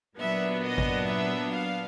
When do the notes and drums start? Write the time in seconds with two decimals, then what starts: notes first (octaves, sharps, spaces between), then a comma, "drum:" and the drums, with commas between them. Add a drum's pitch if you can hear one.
0.19 A#2 F#3 B3 D4 E5
0.64 D#5
0.78 drum: kick G#1
1.09 E5
1.54 F5